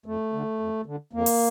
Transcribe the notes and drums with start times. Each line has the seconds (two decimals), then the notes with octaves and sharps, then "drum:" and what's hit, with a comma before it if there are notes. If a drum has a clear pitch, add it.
0.06 F2 A3
0.33 D3
0.59 F2
0.86 D3
1.13 F2 A#3
1.26 drum: open hi-hat